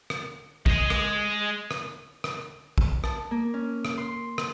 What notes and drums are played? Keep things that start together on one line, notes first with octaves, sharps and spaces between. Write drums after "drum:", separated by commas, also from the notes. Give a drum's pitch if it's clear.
drum: rim click
G#3 G#4, drum: kick
drum: rim click
drum: rim click
drum: rim click
drum: kick
A5, drum: rim click
A#3
C#4
drum: rim click
C6
drum: rim click